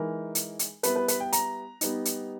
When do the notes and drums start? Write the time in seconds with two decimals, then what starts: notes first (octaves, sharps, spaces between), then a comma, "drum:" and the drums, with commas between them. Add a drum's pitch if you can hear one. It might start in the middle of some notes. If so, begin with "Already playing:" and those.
Already playing: E3 G#3 D#4 A#4
0.35 drum: hi-hat
0.59 drum: hi-hat
0.83 G3 B3 E4 B4, drum: hi-hat
0.96 B4
1.08 B4, drum: hi-hat
1.20 G5
1.33 A#5, drum: hi-hat
1.81 G3 B3 D#4, drum: hi-hat
2.05 drum: hi-hat